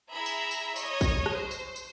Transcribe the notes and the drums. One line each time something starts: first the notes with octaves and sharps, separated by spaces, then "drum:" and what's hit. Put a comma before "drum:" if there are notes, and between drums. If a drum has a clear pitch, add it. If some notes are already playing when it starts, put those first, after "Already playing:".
E4 G#4 E5 A#5 B5
drum: tambourine
drum: tambourine
C#5 D#5, drum: tambourine
drum: kick, tambourine
drum: rim click
C5
drum: tambourine
drum: tambourine